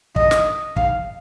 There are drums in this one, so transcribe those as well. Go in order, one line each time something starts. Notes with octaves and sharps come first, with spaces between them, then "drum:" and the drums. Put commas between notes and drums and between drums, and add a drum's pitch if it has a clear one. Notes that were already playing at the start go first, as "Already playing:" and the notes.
D#5, drum: kick
drum: snare
F5, drum: kick